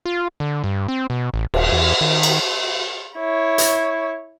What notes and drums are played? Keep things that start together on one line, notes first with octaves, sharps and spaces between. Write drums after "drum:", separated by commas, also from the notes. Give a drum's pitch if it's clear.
F4
D3
G2
C4
B2
A1
D#1, drum: cymbal
E2
D#3
drum: cymbal
E4 C#5
drum: hi-hat